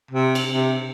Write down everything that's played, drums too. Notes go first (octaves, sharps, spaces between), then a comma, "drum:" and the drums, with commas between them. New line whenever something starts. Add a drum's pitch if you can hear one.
C3
drum: cymbal
C3